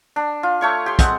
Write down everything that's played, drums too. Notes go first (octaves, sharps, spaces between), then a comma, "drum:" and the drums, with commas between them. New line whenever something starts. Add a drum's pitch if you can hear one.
D4
F4
A3 C#5 C#6
G4 C6
G#3 C4 F#5, drum: kick, hi-hat